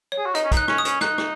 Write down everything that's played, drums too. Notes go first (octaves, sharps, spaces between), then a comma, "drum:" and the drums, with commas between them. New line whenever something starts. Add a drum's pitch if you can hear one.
C#5
G#4
F#4
D#4 D#5, drum: hi-hat
C#4
D#4, drum: kick, hi-hat
F#6
C#4, drum: rim click
D#6
C#4, drum: hi-hat
D#4 F#6, drum: rim click
drum: rim click